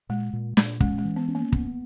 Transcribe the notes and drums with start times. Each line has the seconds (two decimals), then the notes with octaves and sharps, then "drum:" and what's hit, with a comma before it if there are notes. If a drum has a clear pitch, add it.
0.09 A#2 G#3
0.33 A#2
0.57 A#2, drum: snare
0.80 G#3 C#4, drum: kick
0.98 G#3
1.05 E3
1.16 B3
1.29 C#4
1.35 A#3
1.52 B3, drum: kick